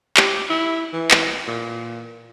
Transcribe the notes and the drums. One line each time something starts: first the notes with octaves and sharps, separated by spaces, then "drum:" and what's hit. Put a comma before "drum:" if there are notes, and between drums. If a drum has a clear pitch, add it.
G4, drum: clap
E4
E3
drum: clap
A#2